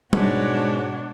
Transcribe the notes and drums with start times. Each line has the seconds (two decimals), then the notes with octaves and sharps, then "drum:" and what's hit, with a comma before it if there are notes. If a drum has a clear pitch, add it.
0.13 G#2 B2 G#3 D4 F#4 C#5, drum: tom G3